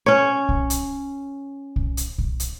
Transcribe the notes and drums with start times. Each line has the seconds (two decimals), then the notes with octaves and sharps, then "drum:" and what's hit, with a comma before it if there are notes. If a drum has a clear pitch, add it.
0.06 C#4 C#5
0.49 drum: kick B1
0.70 drum: hi-hat
1.76 drum: kick B1
1.97 drum: hi-hat
2.18 drum: kick B1
2.40 drum: hi-hat